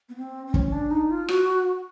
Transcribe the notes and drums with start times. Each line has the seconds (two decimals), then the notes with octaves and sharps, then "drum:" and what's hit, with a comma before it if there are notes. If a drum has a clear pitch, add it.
0.09 B3
0.16 C4
0.47 C4
0.54 C#4, drum: kick
0.72 D4
0.91 D#4
1.10 F4
1.28 F#4, drum: rim click